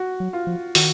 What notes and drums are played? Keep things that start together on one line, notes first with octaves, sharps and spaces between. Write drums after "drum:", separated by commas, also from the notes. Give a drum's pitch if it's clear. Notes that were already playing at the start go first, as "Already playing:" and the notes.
Already playing: F#4
F#3
F4
F3
D#3 F#4, drum: open hi-hat